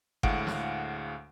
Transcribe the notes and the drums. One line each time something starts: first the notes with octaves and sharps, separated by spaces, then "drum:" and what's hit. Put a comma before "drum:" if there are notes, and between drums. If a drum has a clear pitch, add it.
D2 A2 G#3 F5 F#5 D7, drum: kick G1
drum: snare